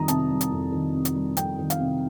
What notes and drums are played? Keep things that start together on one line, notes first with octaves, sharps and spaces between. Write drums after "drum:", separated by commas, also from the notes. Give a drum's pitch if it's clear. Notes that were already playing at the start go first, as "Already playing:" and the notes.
Already playing: F2 D#3 G3 A#5 D#6
C3 A5, drum: hi-hat
G3
drum: hi-hat
F2
D#3
C3
drum: hi-hat
G3
F2 G5, drum: hi-hat
D#3
F5, drum: hi-hat
C3